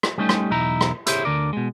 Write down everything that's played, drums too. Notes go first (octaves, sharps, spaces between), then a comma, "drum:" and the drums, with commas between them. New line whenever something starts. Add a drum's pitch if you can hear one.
drum: rim click
G3 A3 C#4 D#4 G4
drum: rim click
B1 E2 D#4 E4 A#5
drum: rim click
E4 G4 G#4 C5 C#5 E5, drum: hi-hat
D2 D3 A#4 D5
B2 G#3